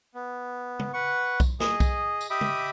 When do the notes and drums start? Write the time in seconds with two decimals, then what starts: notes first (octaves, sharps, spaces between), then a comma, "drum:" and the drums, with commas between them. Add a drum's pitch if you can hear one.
0.15 B3
0.79 drum: tom C#3
0.93 B4 F#5 C#6
1.40 drum: kick B1, tambourine
1.60 G#4 D#5, drum: snare
1.80 drum: kick B1, tambourine
2.21 drum: tambourine
2.30 G4 D#5 E5 B5 D6 D#6
2.41 drum: tom C#3